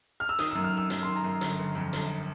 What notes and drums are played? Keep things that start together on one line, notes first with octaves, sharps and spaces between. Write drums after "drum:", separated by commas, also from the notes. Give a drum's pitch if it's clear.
F6
E6
D#3 D#6, drum: hi-hat
F#2 E6
F6
D#3 E6
F#2, drum: hi-hat
D#3 C6
A#5
F#2
G1, drum: hi-hat
G1
F2
G1, drum: hi-hat